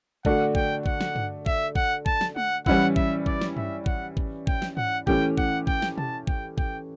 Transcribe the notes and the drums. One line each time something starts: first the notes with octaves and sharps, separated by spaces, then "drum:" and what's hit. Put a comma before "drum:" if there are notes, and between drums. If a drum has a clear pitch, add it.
D3 A3 D4 F#4 F#5, drum: kick
G5, drum: kick
F#5, drum: kick
drum: snare
drum: tom G2
E5, drum: kick
F#5, drum: kick
A5, drum: kick
drum: snare
F#5, drum: tom G#3
E3 G3 C#4 E4 F#5, drum: kick
E5, drum: kick
D5, drum: kick
drum: snare
E5, drum: tom G2
F#5, drum: kick
drum: kick
G5, drum: kick
drum: snare
F#5, drum: tom G#2
E3 A3 C#4 G4 G5, drum: kick
F#5, drum: kick
G5, drum: kick
drum: snare
A5, drum: tom B2
G5, drum: kick
G5, drum: kick